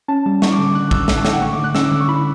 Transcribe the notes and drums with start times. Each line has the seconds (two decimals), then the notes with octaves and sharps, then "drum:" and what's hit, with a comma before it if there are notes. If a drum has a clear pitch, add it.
0.08 C#4 A5
0.26 G3 A5
0.42 G3 C#6, drum: snare
0.52 D6
0.59 D3
0.64 D6
0.75 D3 F#6
0.91 D3 E6, drum: kick
1.08 D3 E6, drum: snare
1.17 A5
1.25 D3 G5, drum: snare
1.33 F#5
1.41 A3 C#6
1.53 D3 D6
1.64 F#6
1.75 C#4 E6, drum: snare
1.84 D6
1.91 D3 E6
2.00 C#6
2.08 E4 B5